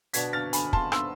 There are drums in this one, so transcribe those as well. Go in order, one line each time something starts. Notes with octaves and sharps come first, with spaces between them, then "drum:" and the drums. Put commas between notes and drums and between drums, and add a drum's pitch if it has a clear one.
B2 B3 D4 G#6 B6, drum: hi-hat
F6 A6
G#5 B5, drum: hi-hat
A5 C6, drum: kick
C6 E6, drum: rim click